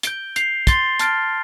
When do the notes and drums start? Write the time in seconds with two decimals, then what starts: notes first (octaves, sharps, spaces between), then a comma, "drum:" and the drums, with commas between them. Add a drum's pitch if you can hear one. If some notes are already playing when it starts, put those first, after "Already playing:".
0.03 G6 D7 G7, drum: hi-hat
0.36 G6 C7 F7, drum: hi-hat
0.67 C6 A6 C7 G7, drum: kick, hi-hat
0.99 A5 F6 A6 D7, drum: hi-hat